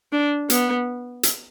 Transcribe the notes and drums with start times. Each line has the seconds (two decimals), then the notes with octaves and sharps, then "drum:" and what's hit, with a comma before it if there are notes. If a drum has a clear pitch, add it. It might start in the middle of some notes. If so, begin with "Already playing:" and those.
0.12 D4
0.50 B3, drum: hi-hat
1.23 drum: hi-hat